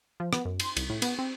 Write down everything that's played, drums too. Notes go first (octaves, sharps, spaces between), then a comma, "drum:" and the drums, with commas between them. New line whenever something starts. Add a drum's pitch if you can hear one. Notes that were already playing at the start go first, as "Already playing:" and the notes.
F3
B3, drum: rim click
F#2
C6, drum: cymbal
C2, drum: cymbal
A2
B3, drum: cymbal
C4